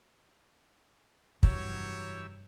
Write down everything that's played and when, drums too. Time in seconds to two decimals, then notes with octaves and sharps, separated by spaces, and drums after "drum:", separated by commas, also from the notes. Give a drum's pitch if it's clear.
1.43 F1 G2 E3 F#3 G4 C#5 E6, drum: kick